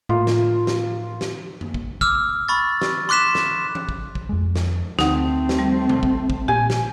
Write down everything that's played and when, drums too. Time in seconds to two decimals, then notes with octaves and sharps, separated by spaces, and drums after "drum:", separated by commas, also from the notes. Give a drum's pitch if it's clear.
0.09 A2 A#3 F4
0.27 drum: snare
0.67 drum: snare
1.21 drum: snare
1.61 drum: tom F#2
1.74 drum: kick
2.01 D6 E6 F6, drum: kick
2.48 B5 C#6 A6
2.82 drum: snare
3.09 C6 D6 F#6 B6 E7
3.35 drum: snare
3.75 drum: tom E3
3.89 drum: kick
4.15 drum: kick
4.29 F2 G#3
4.56 drum: snare
4.99 D2 A3 C4 D#4 F#5, drum: snare
5.49 drum: snare
5.59 G3
5.89 drum: tom B2
6.03 drum: kick
6.30 drum: kick
6.48 A#2 G4 G#5
6.70 drum: snare